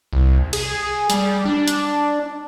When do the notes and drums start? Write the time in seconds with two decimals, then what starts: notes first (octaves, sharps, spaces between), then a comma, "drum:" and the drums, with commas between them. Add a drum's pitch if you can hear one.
0.13 C2
0.53 G#4, drum: cymbal
1.10 G3, drum: hi-hat
1.45 D4
1.68 drum: hi-hat